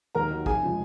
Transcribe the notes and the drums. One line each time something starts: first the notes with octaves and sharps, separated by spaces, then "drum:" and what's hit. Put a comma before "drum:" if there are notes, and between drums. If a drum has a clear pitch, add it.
D#2 A#4 A#5
D#3 F#3
F1 G#4 G#5, drum: kick A#1
C#3 F3 G#3